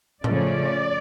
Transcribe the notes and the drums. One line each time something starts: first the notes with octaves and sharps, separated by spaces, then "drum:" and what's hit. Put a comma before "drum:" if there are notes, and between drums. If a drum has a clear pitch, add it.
C#3 F3 A3 C#4 D5, drum: tom A2